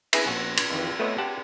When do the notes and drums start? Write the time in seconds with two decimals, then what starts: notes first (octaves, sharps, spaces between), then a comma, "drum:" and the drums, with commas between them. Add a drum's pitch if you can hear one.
0.13 E4 G#4 B4 E5, drum: cymbal
0.27 A#1 F#4
0.57 drum: cymbal
0.70 F2 D#3 E3
0.99 A3 B3 B4 C#5 D#5
1.18 G4 F#5 A5